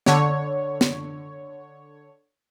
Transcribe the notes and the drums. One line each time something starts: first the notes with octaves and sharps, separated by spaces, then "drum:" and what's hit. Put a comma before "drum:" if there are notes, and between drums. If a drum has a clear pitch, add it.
D3 C#5, drum: snare
drum: snare